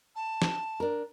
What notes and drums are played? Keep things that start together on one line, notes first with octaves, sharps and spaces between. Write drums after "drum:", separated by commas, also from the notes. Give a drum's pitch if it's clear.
A5
drum: snare
D4 A#4